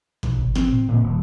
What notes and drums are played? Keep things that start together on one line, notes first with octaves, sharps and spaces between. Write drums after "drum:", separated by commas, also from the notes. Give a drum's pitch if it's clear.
B1, drum: snare
drum: kick G1
C4, drum: snare
drum: tom A2
A#2 C4
D#1